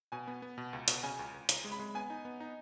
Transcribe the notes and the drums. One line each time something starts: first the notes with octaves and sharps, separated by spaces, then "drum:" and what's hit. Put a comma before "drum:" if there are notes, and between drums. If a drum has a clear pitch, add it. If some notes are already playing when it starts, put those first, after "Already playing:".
B2 G#5
B3
B3
B2
C#2
B2, drum: hi-hat
C#3 G#5
C#2
C#2
C#2, drum: hi-hat
G#3
B5
G#3
B3 G#5
D#4
B3
D#4